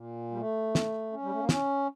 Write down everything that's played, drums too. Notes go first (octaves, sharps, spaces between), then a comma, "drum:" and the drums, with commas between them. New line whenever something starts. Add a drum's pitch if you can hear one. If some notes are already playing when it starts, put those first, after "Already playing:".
Already playing: A#2
G3
A3
drum: snare
C#4
G3
A3
A#3
C#4, drum: snare